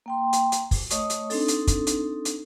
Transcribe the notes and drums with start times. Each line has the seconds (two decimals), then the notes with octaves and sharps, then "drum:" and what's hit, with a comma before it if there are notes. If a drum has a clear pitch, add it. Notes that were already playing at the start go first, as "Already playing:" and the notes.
0.06 A#3 G5 C6
0.33 drum: hi-hat
0.52 drum: hi-hat
0.71 drum: kick, open hi-hat
0.90 A3 C#5 D#5 C#6 D#6, drum: hi-hat
1.10 drum: hi-hat
1.30 C4 D4 D#4 A4, drum: open hi-hat
1.48 drum: hi-hat
1.67 drum: kick, hi-hat
1.87 drum: hi-hat
2.25 drum: hi-hat